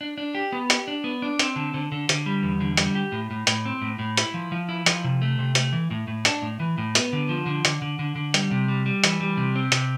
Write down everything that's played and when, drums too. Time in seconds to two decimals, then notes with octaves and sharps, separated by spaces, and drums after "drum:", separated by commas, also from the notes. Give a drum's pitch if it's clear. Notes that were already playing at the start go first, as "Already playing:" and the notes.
0.01 D4
0.18 D4
0.35 G4
0.52 B3
0.70 G4, drum: hi-hat
0.88 D4
1.04 B3
1.22 D4
1.39 C4, drum: hi-hat
1.56 D3
1.74 D3
1.92 D3
2.09 D3, drum: hi-hat
2.26 G3
2.43 E2
2.60 D3
2.77 G3, drum: hi-hat
2.95 G4
3.12 A2
3.31 A2
3.47 A2, drum: hi-hat
3.65 C4
3.82 A2
3.99 A2
4.17 E4, drum: hi-hat
4.34 F3
4.52 F3
4.69 E4
4.86 F3, drum: hi-hat
5.04 C3
5.22 A3
5.39 C3
5.55 A3, drum: hi-hat
5.73 E3
5.91 A2
6.08 A2
6.25 D4, drum: hi-hat
6.42 A2
6.60 E3
6.78 A2
6.95 B3, drum: hi-hat
7.13 D3
7.29 F3
7.46 D3
7.65 D3, drum: hi-hat
7.82 D3
7.99 D3
8.16 D3
8.34 G3, drum: hi-hat
8.51 C3
8.68 G3
8.86 G3
9.04 E3, drum: hi-hat
9.21 G3
9.37 C3
9.56 C4
9.72 C3, drum: hi-hat